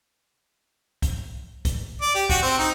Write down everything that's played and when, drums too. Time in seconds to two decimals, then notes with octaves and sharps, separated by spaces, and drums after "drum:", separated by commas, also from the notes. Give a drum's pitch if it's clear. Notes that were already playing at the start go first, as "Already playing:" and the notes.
1.02 drum: kick, hi-hat
1.65 drum: kick, hi-hat
2.01 D5
2.15 G4
2.30 F#4, drum: kick, hi-hat
2.43 C4
2.59 D#4